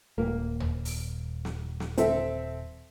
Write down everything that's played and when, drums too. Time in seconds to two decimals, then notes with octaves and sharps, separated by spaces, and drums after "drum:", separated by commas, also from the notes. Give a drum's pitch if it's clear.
0.18 D#1 A#3
0.60 drum: tom
0.85 drum: open hi-hat
1.45 drum: snare
1.80 drum: snare
1.98 C4 A4 E5, drum: hi-hat